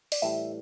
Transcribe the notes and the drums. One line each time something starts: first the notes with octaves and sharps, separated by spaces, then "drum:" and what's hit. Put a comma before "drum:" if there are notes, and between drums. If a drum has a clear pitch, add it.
D5, drum: open hi-hat
A2 E3 G3 E5